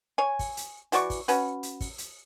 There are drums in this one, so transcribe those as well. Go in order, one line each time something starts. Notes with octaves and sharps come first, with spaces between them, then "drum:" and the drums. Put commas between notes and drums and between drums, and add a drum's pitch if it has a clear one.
C#5 G#5
drum: kick, open hi-hat
drum: hi-hat
E3 F#4 D5 C#6, drum: hi-hat
drum: kick, open hi-hat
C#4 F#4 B4, drum: hi-hat
drum: hi-hat
drum: kick, open hi-hat
drum: hi-hat